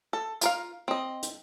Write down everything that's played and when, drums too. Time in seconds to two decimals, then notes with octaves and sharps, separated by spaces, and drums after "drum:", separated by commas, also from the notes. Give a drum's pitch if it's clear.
0.13 A4
0.41 F4 A#4 F5, drum: hi-hat
0.88 C4 D#5
1.23 drum: hi-hat